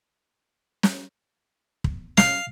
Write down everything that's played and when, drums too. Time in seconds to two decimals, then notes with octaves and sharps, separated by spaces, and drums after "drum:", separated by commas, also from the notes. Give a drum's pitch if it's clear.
0.83 drum: snare
1.84 drum: kick
2.17 F5, drum: snare